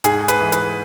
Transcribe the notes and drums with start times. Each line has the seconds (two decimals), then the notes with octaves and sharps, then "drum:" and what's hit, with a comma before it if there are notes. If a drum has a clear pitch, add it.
0.04 G#2 G#4, drum: hi-hat
0.28 B4, drum: hi-hat
0.41 E3
0.52 B4, drum: hi-hat